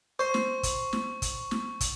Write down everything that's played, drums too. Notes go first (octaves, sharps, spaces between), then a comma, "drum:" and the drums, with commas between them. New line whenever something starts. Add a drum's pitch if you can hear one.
C5 C#6
drum: snare
drum: kick, hi-hat
drum: snare
drum: kick, hi-hat
drum: snare
drum: kick, hi-hat